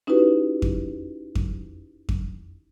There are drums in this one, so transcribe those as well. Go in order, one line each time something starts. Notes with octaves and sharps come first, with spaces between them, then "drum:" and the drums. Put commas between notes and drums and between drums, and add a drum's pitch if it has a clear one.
C#4 D#4 E4 F#4 G4 B4
drum: kick F2
drum: kick F2
drum: kick F2